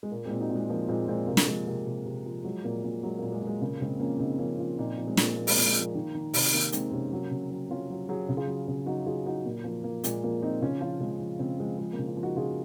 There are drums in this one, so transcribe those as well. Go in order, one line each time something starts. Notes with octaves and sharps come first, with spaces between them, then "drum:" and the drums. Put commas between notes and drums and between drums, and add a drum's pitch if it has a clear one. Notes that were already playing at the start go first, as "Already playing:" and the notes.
G#3
A#2 A#3
A#2 G#3 C4
D#4 F#4
A#2
G#3
F3 A#3
A#2 G#3 C4
A#2 G#3 C4
C3 A#3
drum: snare
F3 G#3
C3 A#3
C3
C3
F3
F#3 G#3
A#2 A#3
A#2 A#3
F#3 G#3
A#2 A#3
G#3
A#2
G#3
C#3 A#3
C#3 G#3 C4
F3 A#3 C#4
C#3 C4 D#4
F3 A#3 C#4
F3 C#4 F4
A#2 C4 D#4
F3
G#3 C4
A#2 A#3, drum: snare
F3 A#3
G#3, drum: open hi-hat
A#3
A#2
G#3
F3 A#3
D#3
D#3
C3, drum: open hi-hat
D#3 A#3
D#3 G#3 C4, drum: hi-hat
C3 A#3 C#4
F#3
C#3
F#3
F#3 C#4 F4
F#3
F#3 G#4
C#3
F4 G#4
F#3
C#3
F#3 D#4 F#4
F#3 F4 G#4
F#3 D#4 F#4
A#2 A#3
F3 A#3
F3 A#3
A#2 G#3, drum: hi-hat
F3 A#3
F3 C4 D#4
C#3 C#4 F4
F3 C#4 F4
C#3 G#3
F3
C#3 G#3 C4
F3 G#3 C4
F3 G#3 C4
A#3 C#4
C#3
C#4 F4
F3
D#4 F#4
C#3 F4 G#4